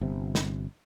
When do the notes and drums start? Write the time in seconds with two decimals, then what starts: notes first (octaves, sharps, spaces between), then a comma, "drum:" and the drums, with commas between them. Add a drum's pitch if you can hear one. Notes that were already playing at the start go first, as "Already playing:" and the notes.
0.01 G1 C3
0.35 drum: snare